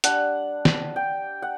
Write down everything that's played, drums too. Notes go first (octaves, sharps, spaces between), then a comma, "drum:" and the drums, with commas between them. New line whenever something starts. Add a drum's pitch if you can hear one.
G3 D4 F#5, drum: hi-hat
drum: snare
G5
F#5